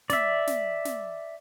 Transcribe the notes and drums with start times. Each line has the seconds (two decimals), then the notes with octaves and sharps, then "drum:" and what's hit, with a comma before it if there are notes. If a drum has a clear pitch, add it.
0.10 D5 E5, drum: snare
0.47 drum: snare
0.85 drum: snare